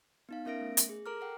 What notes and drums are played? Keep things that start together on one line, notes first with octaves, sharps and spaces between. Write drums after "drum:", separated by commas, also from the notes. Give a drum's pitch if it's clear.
B3 D#4 F5
B3 C#4 A#4 E5 A#6 D7
A3
drum: hi-hat
G#4
A4 A#4 A#5 D6 F6
A4 F#5 G5